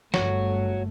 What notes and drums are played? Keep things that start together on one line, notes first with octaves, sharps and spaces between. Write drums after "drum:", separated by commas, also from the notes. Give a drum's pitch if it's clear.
G1 A3 F#4 C#5, drum: snare